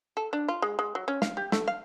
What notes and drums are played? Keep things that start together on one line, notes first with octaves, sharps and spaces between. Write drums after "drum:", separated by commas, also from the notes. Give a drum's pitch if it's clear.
A4
D4
F4
G#3
G#3
F#3
C#4
F5, drum: snare
G4
A3, drum: snare
F5